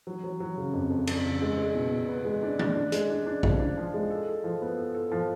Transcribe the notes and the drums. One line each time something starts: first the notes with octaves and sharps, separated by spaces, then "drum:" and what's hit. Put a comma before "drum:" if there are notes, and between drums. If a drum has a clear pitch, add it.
F#3
F#3
F#3
C#3
F2
F2
F2, drum: cymbal
C#3
G#3
G#3
B2
B2
B3
G#3
D4
D4, drum: tom D#3
D4
G#3, drum: hi-hat
D4
D4
F3, drum: kick
D4
F3
G#3
A4
A4
F3
B3
A4
A4
F3